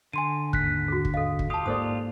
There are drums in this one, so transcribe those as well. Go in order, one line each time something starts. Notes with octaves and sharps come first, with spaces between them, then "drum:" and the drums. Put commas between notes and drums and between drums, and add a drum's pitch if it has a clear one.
D3 G#5 C6 D#7
D#2 G#2 F#6 B6, drum: kick
F#4 G#4
drum: kick
A4 D#5 F5
drum: kick
F4 G4 A5 D#6
G#2 A#3 A4 C5 D5 D#6